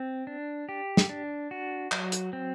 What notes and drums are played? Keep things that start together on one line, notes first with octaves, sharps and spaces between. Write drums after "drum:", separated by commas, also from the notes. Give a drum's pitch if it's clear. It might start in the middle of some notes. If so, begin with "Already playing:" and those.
Already playing: C4
D4
G4
drum: snare
D4
F#4
F#3, drum: clap
drum: hi-hat
C4